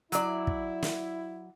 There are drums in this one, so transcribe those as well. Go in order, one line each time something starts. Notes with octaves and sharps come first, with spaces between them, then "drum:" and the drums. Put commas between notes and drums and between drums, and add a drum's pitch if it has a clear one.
F#3 E4 D5, drum: hi-hat
drum: kick
drum: snare